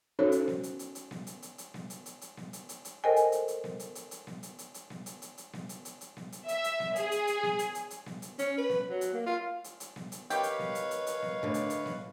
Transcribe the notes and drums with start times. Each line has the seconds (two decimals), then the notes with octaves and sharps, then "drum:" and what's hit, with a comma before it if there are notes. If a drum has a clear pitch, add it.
0.19 C#4 D#4 F#4 A4 C5 C#5
0.32 drum: hi-hat
0.48 drum: snare B3
0.63 drum: hi-hat
0.79 drum: hi-hat
0.95 drum: hi-hat
1.11 drum: snare B3
1.27 drum: hi-hat
1.42 drum: hi-hat
1.58 drum: hi-hat
1.74 drum: snare B3
1.90 drum: hi-hat
2.06 drum: hi-hat
2.21 drum: hi-hat
2.37 drum: snare B3
2.53 drum: hi-hat
2.69 drum: hi-hat
2.85 drum: hi-hat
3.04 A4 A#4 C5 D#5 G5 G#5
3.16 drum: hi-hat
3.32 drum: hi-hat
3.48 drum: hi-hat
3.64 drum: snare B3
3.80 drum: hi-hat
3.95 drum: hi-hat
4.11 drum: hi-hat
4.27 drum: snare B3
4.43 drum: hi-hat
4.59 drum: hi-hat
4.74 drum: hi-hat
4.90 drum: snare B3
5.06 drum: hi-hat
5.22 drum: hi-hat
5.38 drum: hi-hat
5.53 drum: snare B3
5.69 drum: hi-hat
5.85 drum: hi-hat
6.01 drum: hi-hat
6.17 drum: snare B3
6.32 drum: hi-hat
6.48 E5, drum: hi-hat
6.64 drum: hi-hat
6.80 drum: snare B3
6.96 G#4, drum: hi-hat
7.11 drum: hi-hat
7.27 drum: hi-hat
7.43 drum: snare B3
7.59 drum: hi-hat
7.75 drum: hi-hat
7.90 drum: hi-hat
8.06 drum: snare B3
8.22 drum: hi-hat
8.39 C#4, drum: hi-hat
8.58 B4
8.69 drum: snare B3
8.90 F#3
9.01 drum: hi-hat
9.14 A#3
9.26 F4
9.64 drum: hi-hat
9.80 drum: hi-hat
9.96 drum: snare B3
10.12 drum: hi-hat
10.30 D#3 G4 B4 C#5 F5, drum: hi-hat
10.43 drum: hi-hat
10.59 drum: snare B3
10.75 drum: hi-hat
10.91 drum: hi-hat
11.07 drum: hi-hat
11.22 drum: snare B3
11.43 A2 D3
11.54 drum: hi-hat
11.70 drum: hi-hat
11.86 drum: snare B3